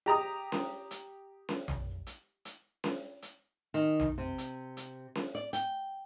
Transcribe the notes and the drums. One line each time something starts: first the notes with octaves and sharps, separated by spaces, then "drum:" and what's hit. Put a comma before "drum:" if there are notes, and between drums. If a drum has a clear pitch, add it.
G4 A#5 D#6
drum: snare C#4
drum: hi-hat
drum: snare C#4
drum: tom A#1
drum: hi-hat
drum: hi-hat
drum: snare C#4
drum: hi-hat
D#3
drum: tom A#1
C3
drum: hi-hat
drum: hi-hat
drum: snare C#4
D5
G5, drum: hi-hat